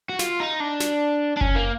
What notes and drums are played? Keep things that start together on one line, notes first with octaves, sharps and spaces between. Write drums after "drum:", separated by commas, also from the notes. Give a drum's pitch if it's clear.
F#4
F4, drum: snare
D#4
D4
drum: snare
D4
C#4, drum: kick F#1
A#3